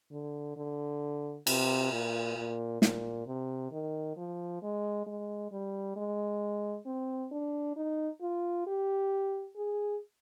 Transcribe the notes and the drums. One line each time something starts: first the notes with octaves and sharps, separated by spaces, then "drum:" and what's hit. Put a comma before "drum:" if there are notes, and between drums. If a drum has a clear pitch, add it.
D3
D3
C3, drum: cymbal
A#2
A#2
A#2, drum: snare
C3
D#3
F3
G#3
G#3
G3
G#3
C4
D4
D#4
F4
G4
G#4